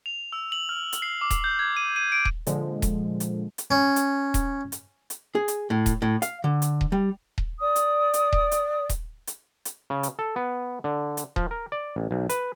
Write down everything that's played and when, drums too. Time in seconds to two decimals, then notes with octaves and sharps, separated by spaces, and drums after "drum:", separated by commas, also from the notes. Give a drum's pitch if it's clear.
0.06 F7
0.32 E6
0.52 F#7
0.69 F6
0.93 drum: hi-hat
1.02 C7
1.21 D6
1.30 drum: kick D#1, hi-hat
1.44 G6
1.59 G#6
1.77 D#7
1.96 D#7
2.12 D7
2.25 drum: kick D#1
2.47 A#2 D3 F3 G#3, drum: hi-hat
2.82 drum: kick D#1, hi-hat
3.20 drum: hi-hat
3.58 drum: hi-hat
3.71 C#4
3.96 drum: hi-hat
4.34 drum: kick D#1, hi-hat
4.72 drum: hi-hat
5.10 drum: hi-hat
5.35 G#4
5.48 drum: hi-hat
5.70 A2
5.86 drum: kick D#1, hi-hat
6.02 A2
6.22 F5, drum: hi-hat
6.44 D3
6.62 drum: hi-hat
6.81 drum: kick D#1
6.92 G3
7.38 drum: kick D#1
7.59 D5 D#6
7.76 drum: hi-hat
8.14 drum: hi-hat
8.33 drum: kick D#1
8.51 drum: hi-hat
8.89 drum: kick D#1, hi-hat
9.27 drum: hi-hat
9.65 drum: hi-hat
9.90 C#3
10.03 drum: hi-hat
10.19 A4
10.36 B3
10.84 D3
11.17 drum: hi-hat
11.36 F3, drum: kick D#1
11.51 A#4
11.72 D5
11.96 A1
12.11 B1
12.29 B4, drum: hi-hat